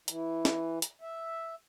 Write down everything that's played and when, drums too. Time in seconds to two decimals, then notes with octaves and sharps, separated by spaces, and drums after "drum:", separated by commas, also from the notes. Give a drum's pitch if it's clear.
0.08 E3, drum: hi-hat
0.45 drum: snare
0.82 drum: hi-hat
1.01 E5